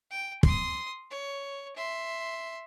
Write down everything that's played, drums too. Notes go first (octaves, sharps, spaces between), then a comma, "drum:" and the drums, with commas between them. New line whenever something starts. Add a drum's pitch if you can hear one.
G5
C6 D#6, drum: kick
C#5
E5 C6